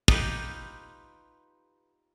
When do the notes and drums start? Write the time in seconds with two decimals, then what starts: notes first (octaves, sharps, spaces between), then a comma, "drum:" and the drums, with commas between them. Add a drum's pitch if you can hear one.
0.08 D#4 F4 G4 B4, drum: kick